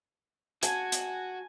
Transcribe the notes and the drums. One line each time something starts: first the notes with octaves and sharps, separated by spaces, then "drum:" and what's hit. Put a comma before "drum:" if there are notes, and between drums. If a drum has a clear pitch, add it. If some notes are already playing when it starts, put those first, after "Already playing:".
F#4 F#5 G#5 A5 G#6, drum: hi-hat
drum: hi-hat